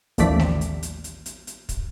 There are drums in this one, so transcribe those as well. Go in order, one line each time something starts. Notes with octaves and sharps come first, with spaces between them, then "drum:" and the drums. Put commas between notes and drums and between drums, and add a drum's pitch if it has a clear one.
A1 D#2 F3 A3 D5 B6, drum: hi-hat
drum: snare A3
drum: hi-hat
drum: hi-hat
drum: hi-hat
drum: hi-hat
drum: hi-hat
drum: kick, hi-hat